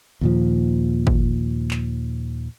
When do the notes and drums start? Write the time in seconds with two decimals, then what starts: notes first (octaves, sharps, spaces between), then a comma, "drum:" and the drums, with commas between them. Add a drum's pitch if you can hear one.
0.21 D#2 A#2 F3
1.07 drum: kick G1
1.71 drum: clap